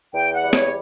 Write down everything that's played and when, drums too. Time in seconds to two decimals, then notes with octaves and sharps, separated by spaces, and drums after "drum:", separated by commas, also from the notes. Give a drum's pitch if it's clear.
0.14 E2 G5
0.34 F#5
0.44 G3
0.53 C#5, drum: snare